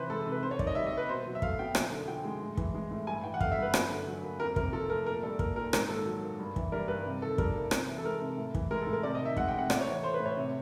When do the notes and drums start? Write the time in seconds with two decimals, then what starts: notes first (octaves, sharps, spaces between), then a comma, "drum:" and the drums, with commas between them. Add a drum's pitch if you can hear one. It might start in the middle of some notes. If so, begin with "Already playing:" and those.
Already playing: C3 E3 B4 C5
0.10 G#3 A4
0.21 A4
0.26 C3
0.32 B4
0.43 C3 C5
0.51 C#5
0.59 D#3 D5, drum: kick
0.67 D#5
0.75 G3 E5
0.87 D#5
0.93 A#3 B4
1.09 B2 C5
1.26 F#3
1.35 E5
1.42 A3 F5, drum: kick
1.59 B2 G5
1.75 F#2, drum: rim click
1.91 D3
2.08 F3 G5
2.24 G#3
2.42 A2
2.57 E3, drum: kick
2.74 G#3
2.91 A2
3.07 G2 G#5
3.24 E3 G5
3.34 F#5
3.40 A3 F5, drum: kick
3.51 E5
3.58 G2 B4
3.74 F#2, drum: rim click
3.90 D3
4.06 F#3
4.23 A#3
4.40 F2 A#4
4.56 C3 A#4, drum: kick
4.73 F3 A4
4.90 A3 A#4
5.06 A#2 A#4
5.23 G3 A4
5.39 A#3 A#4, drum: kick
5.56 A#2 A#4
5.73 G#2 A#4, drum: rim click
5.89 D#3 A4
6.05 F#3
6.23 A#3
6.39 G2
6.56 E3, drum: kick
6.72 G3 A#4
6.88 G2 B4
7.06 C3
7.22 D#3 A4
7.38 G3 A#4, drum: kick
7.55 A#3
7.71 C3, drum: rim click
7.89 E3
7.98 A4
8.05 G#3 A#4
8.22 C3
8.37 A2
8.55 E3, drum: kick
8.71 G#3 A#4
8.82 A4
8.87 A2
8.93 A#4
9.03 C3 D5
9.15 D#5
9.21 D#3 E5
9.37 G#3 F#5, drum: kick
9.48 G5
9.53 C3
9.59 F#5
9.70 A2 D5, drum: rim click
9.81 C#5
9.86 E3
9.92 C#5
10.03 A3 C5
10.14 B4
10.20 A2
10.26 C#5
10.37 C3